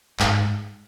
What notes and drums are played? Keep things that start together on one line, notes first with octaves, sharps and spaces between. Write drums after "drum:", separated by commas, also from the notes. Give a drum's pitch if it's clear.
G#2, drum: clap